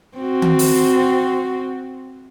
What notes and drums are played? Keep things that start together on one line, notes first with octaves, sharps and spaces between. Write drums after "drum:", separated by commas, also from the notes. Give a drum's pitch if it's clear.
C4 F#4
drum: tom D#3
drum: open hi-hat